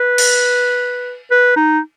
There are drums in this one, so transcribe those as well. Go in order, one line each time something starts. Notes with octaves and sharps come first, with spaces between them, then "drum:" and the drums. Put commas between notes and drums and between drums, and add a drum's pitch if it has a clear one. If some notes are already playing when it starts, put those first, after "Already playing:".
Already playing: B4
drum: cymbal
B4
D#4